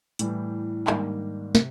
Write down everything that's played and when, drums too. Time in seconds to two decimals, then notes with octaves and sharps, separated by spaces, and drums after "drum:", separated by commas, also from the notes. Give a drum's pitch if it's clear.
0.19 A2 E3 G3, drum: hi-hat
0.87 G#2 D#3 G3 A#3 D4, drum: clap
1.55 C3, drum: snare